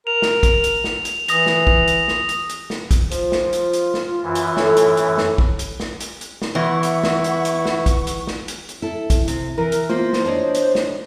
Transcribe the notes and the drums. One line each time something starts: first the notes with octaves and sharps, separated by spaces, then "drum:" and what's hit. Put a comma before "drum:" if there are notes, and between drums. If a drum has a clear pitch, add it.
A#4 F7
drum: snare
drum: kick, hi-hat
drum: hi-hat
drum: snare
drum: hi-hat
E3 D#6 A#6 F7, drum: hi-hat
drum: snare
drum: kick
drum: hi-hat
drum: snare
drum: hi-hat
drum: hi-hat
drum: snare
drum: kick, hi-hat
F3 F4, drum: hi-hat
drum: snare
drum: hi-hat
drum: hi-hat
drum: snare
F#2 E3
drum: hi-hat
A2 A4, drum: snare
drum: hi-hat
drum: hi-hat
drum: snare
drum: kick
drum: hi-hat
drum: snare
drum: hi-hat
drum: hi-hat
drum: snare
E2 E3 E4 F#5 C#6
drum: hi-hat
drum: snare
drum: hi-hat
drum: hi-hat
drum: snare
drum: kick, hi-hat
drum: hi-hat
drum: snare
drum: hi-hat
drum: hi-hat
E4 A4
drum: kick, hi-hat
C3, drum: hi-hat
E3 A#4
drum: hi-hat
A#3 B3 F4 C5
drum: snare
D4 C#5 D#5
drum: hi-hat
drum: snare